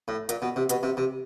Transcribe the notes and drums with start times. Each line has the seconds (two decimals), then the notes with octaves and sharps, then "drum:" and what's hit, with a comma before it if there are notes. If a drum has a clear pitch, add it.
0.08 A2
0.29 A#2, drum: hi-hat
0.42 B2
0.56 C3
0.69 B2, drum: hi-hat
0.83 C3
0.97 C3